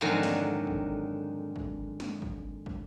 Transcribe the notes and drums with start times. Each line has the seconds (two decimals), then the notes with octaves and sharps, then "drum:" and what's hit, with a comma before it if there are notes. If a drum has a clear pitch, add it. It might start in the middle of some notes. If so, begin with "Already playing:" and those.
0.01 F2 G#2 D3 D#3 F#3
0.23 drum: snare
0.67 drum: kick
1.56 drum: kick
2.00 drum: snare
2.22 drum: kick
2.66 drum: kick